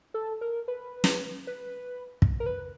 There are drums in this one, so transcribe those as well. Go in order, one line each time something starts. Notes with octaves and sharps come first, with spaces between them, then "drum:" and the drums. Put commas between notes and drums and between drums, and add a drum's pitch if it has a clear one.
A4
A#4
B4
drum: snare
B4
drum: kick
A#4
B4